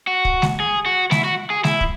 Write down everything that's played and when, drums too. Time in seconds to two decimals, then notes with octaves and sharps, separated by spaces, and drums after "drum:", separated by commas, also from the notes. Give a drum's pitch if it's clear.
0.07 F#4
0.25 drum: kick
0.42 drum: snare G#3
0.60 G#4
0.86 F#4
1.11 E4, drum: snare G#3
1.24 F#4
1.50 G#4
1.64 E4, drum: snare G#3
1.81 drum: kick